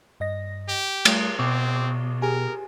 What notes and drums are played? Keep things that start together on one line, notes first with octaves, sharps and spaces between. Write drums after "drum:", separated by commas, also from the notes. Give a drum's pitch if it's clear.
G2 D#5 A#6
G4
G3 A3, drum: cymbal
B2 C4 C#6 D6
G4 G#4 A#4 G#5